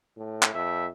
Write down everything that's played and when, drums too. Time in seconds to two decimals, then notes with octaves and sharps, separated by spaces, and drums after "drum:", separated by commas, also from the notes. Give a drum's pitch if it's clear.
0.17 A2
0.43 drum: clap
0.54 F2 E5